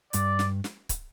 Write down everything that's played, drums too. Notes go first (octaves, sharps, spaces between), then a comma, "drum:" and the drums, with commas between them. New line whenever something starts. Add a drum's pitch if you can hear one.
G2 D5, drum: hi-hat
drum: snare
drum: snare
drum: kick C#1, hi-hat